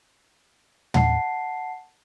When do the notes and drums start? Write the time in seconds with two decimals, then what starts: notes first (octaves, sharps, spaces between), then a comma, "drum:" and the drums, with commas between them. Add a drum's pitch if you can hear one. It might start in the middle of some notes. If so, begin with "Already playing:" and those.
0.94 F#5 A5 C7, drum: tom